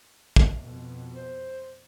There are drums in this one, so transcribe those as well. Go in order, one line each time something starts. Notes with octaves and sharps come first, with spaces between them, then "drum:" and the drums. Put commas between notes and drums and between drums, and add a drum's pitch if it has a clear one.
drum: kick
F2 B2
C5